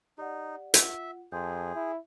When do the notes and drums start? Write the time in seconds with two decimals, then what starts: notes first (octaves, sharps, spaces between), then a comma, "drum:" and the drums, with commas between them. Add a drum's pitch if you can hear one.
0.18 D#4 G4 D5 F#5
0.74 F4 E5 F#5, drum: hi-hat
1.32 F2 G#4 A5 C6 G6
1.75 E4